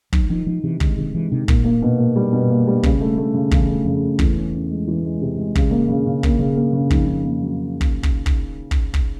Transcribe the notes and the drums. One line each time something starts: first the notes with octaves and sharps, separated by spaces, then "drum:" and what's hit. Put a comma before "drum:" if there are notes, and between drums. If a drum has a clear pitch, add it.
D#3 F#3, drum: kick
D#3 F3
D#3 F3
C3 E3
D3 G#3, drum: kick
C3 D#3
E3 G#3
C3 D#3
A#2 A#3, drum: kick
A#3
B2
A#3
G3
B2
A#3
G3
C#3, drum: kick
A3
A3
C#3
E2 C#3, drum: kick
A3
F2 C#3
A3
E2 E3, drum: kick
C#4
C#4
G#3
E3
G#3
C3
G#3
C#3, drum: kick
A#3
C#3
C#3
A#3, drum: kick
C#3
A#3
C#3
F2 D#3, drum: kick
D#3
A#3
F#3
drum: kick
drum: kick
drum: kick
drum: kick
drum: kick